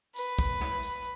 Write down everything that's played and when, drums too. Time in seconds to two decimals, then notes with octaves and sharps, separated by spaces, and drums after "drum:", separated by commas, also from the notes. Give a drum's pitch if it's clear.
0.16 B4, drum: tambourine
0.39 drum: kick, tambourine
0.61 drum: snare
0.83 drum: tambourine